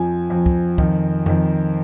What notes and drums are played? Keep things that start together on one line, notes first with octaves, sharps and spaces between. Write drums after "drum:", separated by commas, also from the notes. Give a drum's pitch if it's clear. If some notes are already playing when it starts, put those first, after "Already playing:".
Already playing: F2 F3 G#5
F2 F3
drum: kick
F2 D#3, drum: kick
F2 D#3, drum: tom F2